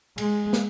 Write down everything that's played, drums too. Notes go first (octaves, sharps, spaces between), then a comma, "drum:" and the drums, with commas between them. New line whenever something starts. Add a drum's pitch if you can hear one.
G#3, drum: cymbal
drum: snare